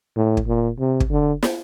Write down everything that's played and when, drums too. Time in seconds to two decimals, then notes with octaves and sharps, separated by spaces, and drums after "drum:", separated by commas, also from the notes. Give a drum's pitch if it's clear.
0.16 A2
0.37 drum: kick
0.47 A#2
0.79 C3
1.00 drum: kick
1.11 D3
1.43 drum: snare